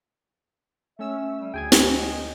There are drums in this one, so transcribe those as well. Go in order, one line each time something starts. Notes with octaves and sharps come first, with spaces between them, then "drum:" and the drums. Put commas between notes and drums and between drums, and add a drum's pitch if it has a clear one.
A3 C#4 E5 E6
G3
D2 G#4 G5 G#5 G#6
E4, drum: snare
D#5